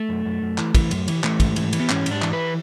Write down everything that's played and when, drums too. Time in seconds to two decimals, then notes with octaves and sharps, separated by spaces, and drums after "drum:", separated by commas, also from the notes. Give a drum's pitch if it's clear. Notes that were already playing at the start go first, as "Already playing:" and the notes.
Already playing: A3
0.09 F#2
0.25 F#2
0.42 F#2
0.58 E3, drum: clap
0.75 E3, drum: kick, cymbal
0.91 F#2, drum: cymbal
1.08 E3, drum: cymbal
1.24 E3 A3, drum: clap
1.40 G#2, drum: kick, cymbal
1.56 E3, drum: cymbal
1.73 E3, drum: cymbal
1.80 B3
1.89 G#2 C#4, drum: clap
2.06 G#2, drum: cymbal
2.11 D4
2.22 E3, drum: clap
2.33 B4